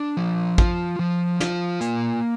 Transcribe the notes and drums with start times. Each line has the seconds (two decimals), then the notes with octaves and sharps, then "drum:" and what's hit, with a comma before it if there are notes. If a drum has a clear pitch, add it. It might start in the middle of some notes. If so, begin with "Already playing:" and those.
Already playing: D4
0.17 F3
0.58 F4, drum: kick
0.99 F3
1.40 F4, drum: snare
1.81 A#3, drum: hi-hat